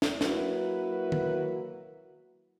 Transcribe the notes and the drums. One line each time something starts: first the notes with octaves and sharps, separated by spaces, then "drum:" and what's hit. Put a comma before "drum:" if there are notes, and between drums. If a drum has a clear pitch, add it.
drum: snare
F#3 A#3 E4 F#4 A#4 B4, drum: snare
drum: tom